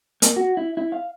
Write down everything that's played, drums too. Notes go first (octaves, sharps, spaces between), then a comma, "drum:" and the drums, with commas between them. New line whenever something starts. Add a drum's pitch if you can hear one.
A#3, drum: hi-hat
F#4
E4
E4
F5